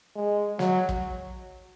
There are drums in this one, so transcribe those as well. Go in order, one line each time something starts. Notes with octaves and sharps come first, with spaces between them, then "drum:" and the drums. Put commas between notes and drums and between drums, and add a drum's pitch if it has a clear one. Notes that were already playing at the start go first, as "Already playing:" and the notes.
G#3
F#3, drum: snare
drum: kick